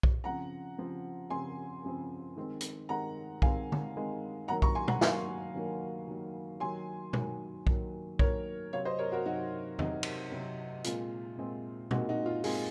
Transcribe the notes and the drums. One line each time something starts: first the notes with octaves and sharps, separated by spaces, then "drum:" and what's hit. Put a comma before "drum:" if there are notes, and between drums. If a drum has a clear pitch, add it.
drum: kick B1
C#3 F3 C4 F#5 A#5
C#3 F3 C4
C#3 F3 C4 G#5 C6
C#3 F3 C4
D#3 G#3 C4
drum: hi-hat
D#3 G#3 C4 F#5 A#5
D#3 G#3 C4 F5 G#5, drum: kick B1
drum: tom D3
D#3 G#3 C4
D#3 F#3 A#3 F#5 A#5
A#5 C#6, drum: kick B1
G#5 C6
F#5 A#5, drum: tom
D#3 F#3 A#3 F5 G#5, drum: snare
D#3 F#3 A#3
D#3 F#3 A#3
D#3 F#3 A#3 G#5 C6
D#3 F#3 A#3, drum: tom
D#3 F#3 A#3, drum: kick B1
D#3 F#3 A#3 A#4 C#5, drum: kick B1
C3 F#3 C4 C#5 F5
C5 D#5
A#4 C#5
F#4 A#4
C3 F#3 C4 D#4 F#4
C3 F#3 C4 D#4, drum: tom E2
drum: cymbal
C3 F#3 C4
A#2 G#3 C4 F4, drum: hi-hat
A#2 G#3 C4
A#2 G#3 C4 D#4 F#4, drum: tom
D#4 F#4
F4
A#2 G#3 C4 F4 G#4, drum: open hi-hat